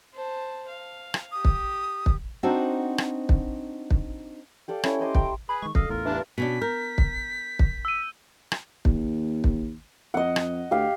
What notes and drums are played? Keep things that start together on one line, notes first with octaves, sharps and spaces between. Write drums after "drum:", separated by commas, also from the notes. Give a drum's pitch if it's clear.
C5 A5
F5
drum: rim click
G4 D#6
drum: kick
drum: kick
C4 D4 D#4 F#4 C5 A#5
drum: rim click
drum: kick
drum: kick
G4 A4 D5 F5
C#4 E4 A4 C#5, drum: rim click
C5 D#5 C6 D6
C5 G5 A#5 D6, drum: kick
G#4 B4 B5
D#3 G#3 C#6
F#2 A4 D#5 F5, drum: kick
A1 E2 A2 F4 A#4
G2 E3 D4
B2 C#4 D4 B6
A#4 G6
drum: kick
drum: kick
E6 D#7
drum: rim click
D#2, drum: kick
drum: kick
F2 D#5 F#5
drum: rim click
D2 G4 F5